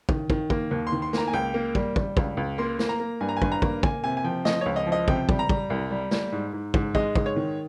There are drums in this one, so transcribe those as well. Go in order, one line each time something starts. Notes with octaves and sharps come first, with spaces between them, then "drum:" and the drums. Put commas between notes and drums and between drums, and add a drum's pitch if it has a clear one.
D#3, drum: kick
D#3, drum: kick
A#3, drum: kick
D#2
C6
D#3
C6
A#3 A#5, drum: snare
G#5
C#2 G5
A#3
G3, drum: kick
G3, drum: kick
C#2, drum: kick
C#2
A#3 C6
A#3, drum: snare
A#5
A#3
G2 G#5
A#5
G#5
G2, drum: kick
A#5
A#3, drum: kick
A#3 G#5, drum: kick
C3 G#5
G#5
F3 G5
F3 D#5, drum: snare
C#2 C#5
D#5
F3
D#5
C3 G5, drum: kick
G3, drum: kick
A#5
G3, drum: kick
C2
G3
G3, drum: snare
G#2
G#2
G#2, drum: kick
G#3 D#5, drum: kick
G#2, drum: kick
C#5
D#3